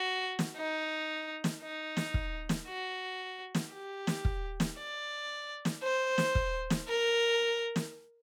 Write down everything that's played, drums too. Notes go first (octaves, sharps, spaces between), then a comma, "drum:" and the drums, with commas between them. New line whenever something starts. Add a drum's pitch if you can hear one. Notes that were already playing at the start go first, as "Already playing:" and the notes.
Already playing: F#4
drum: snare
D#4
drum: snare
D#4
drum: snare
drum: kick
drum: snare
F#4
drum: snare
G4
drum: snare
drum: kick
drum: snare
D5
drum: snare
C5
drum: snare
drum: kick
drum: snare
A#4
drum: snare